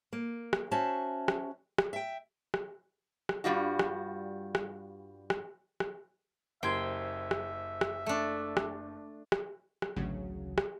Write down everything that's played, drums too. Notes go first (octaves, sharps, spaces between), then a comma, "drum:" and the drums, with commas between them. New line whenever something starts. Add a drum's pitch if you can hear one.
A#3
drum: rim click
C#4 F#4 C5 E5 A5
drum: rim click
drum: rim click
E5 G5
drum: rim click
drum: rim click
G2 C3 G3 F4 F#4
drum: rim click
drum: rim click
drum: rim click
drum: rim click
F#1 G4 C5 E5 G5 C6 G#6
drum: rim click
drum: rim click
A3 D4
drum: rim click
drum: rim click
drum: rim click
A1 D2 C#3 F#3
drum: rim click